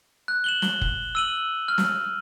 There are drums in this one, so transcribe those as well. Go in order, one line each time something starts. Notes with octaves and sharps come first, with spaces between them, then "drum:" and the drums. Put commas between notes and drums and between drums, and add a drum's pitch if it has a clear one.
F#6
E7 F#7 G7
G7, drum: snare
drum: kick F1
E6 D#7 F#7
F6
drum: snare